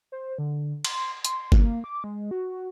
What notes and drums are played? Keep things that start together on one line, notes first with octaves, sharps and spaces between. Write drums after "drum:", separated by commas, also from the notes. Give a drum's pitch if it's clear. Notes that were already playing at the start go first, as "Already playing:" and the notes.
C5
D3
C6, drum: cymbal
C6, drum: hi-hat
A#3, drum: kick G1
D6
G#3
F#4